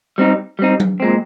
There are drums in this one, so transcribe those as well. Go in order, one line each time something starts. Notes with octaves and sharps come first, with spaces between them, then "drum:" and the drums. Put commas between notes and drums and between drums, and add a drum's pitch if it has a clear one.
G3 C4 D#4
G3 C4 D#4
drum: tom F#3
A#2 G#3 C4